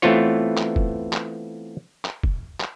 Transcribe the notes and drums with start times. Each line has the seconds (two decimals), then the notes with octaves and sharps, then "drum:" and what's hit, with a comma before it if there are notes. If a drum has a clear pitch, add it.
0.02 E3 A3 B3 C4 F4 C#5
0.58 drum: clap
0.76 drum: kick
1.13 drum: clap
2.05 drum: clap
2.23 drum: kick
2.60 drum: clap